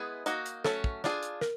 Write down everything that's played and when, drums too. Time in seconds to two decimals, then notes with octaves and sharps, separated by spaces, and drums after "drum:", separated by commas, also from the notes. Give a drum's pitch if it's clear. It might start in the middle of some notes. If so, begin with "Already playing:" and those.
Already playing: G#3 B3 E4 G#4
0.26 A#3 D#4 F#4, drum: hi-hat
0.46 drum: hi-hat
0.64 F#3 A3 C#4 A4, drum: snare
0.84 drum: kick
1.04 D4 F4 G#4, drum: snare
1.23 drum: hi-hat
1.41 A#4, drum: snare